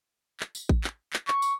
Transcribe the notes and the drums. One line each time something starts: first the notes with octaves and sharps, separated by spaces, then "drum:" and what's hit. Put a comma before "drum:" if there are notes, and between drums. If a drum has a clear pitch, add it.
drum: clap
drum: tambourine
drum: kick A1
drum: clap
drum: clap
C#6, drum: clap
drum: tambourine